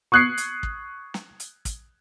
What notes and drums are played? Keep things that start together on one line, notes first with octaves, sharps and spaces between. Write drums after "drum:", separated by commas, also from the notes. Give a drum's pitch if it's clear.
C#6 D#6 F#6 G#6 C7 C#7
drum: hi-hat
drum: kick
drum: snare
drum: hi-hat
drum: kick, hi-hat